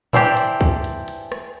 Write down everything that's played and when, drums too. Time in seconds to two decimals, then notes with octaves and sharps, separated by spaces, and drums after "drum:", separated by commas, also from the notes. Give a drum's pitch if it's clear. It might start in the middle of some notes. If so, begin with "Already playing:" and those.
0.13 E3 C4 D4 G4, drum: tom A2
0.37 drum: hi-hat
0.61 drum: kick, hi-hat
0.84 drum: hi-hat
1.08 drum: hi-hat
1.32 drum: rim click